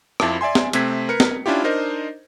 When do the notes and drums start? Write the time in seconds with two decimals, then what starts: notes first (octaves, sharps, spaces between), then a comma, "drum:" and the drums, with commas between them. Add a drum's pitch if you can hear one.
0.20 F2 E4 F4 A5 D6, drum: rim click
0.41 D5 E5 G#5 C6
0.55 drum: snare
0.73 C3 A3 C4 G#6 B6, drum: hi-hat
1.09 A#4 B4 C#7
1.20 drum: snare
1.46 C#4 D4 E4 F4 G4
1.64 D4 D#4 A#4 C5 D#5